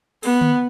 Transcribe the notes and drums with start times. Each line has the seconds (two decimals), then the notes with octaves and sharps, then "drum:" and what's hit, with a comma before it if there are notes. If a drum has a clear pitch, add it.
0.23 B3, drum: open hi-hat
0.41 drum: tom D3